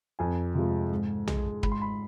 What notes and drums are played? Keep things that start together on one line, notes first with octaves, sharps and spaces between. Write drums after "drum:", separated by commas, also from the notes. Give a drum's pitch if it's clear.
F2 G#5
C3 F3 G#3
G#2
G#3, drum: tom B1
G#2 B5, drum: kick
C6
B5